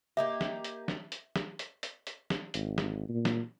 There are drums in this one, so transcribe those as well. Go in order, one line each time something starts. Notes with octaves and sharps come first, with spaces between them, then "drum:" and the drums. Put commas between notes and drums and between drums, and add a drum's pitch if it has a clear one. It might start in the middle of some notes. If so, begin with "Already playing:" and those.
A#3 D#4 G4 E5
drum: snare
drum: hi-hat
drum: snare
drum: hi-hat
drum: snare
drum: hi-hat
drum: hi-hat
drum: hi-hat
drum: snare
G#1, drum: hi-hat
drum: snare
A#2
drum: snare